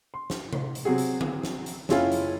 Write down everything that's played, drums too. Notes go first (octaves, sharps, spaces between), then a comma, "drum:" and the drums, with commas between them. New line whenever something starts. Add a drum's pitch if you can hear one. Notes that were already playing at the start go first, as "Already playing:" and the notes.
C6
drum: snare
drum: tom C3
drum: hi-hat
C3 F#3 C4 F#4 G#4
drum: hi-hat
drum: tom D3
drum: snare
drum: hi-hat
F#1 C#4 E4 F4 G#5, drum: snare
drum: hi-hat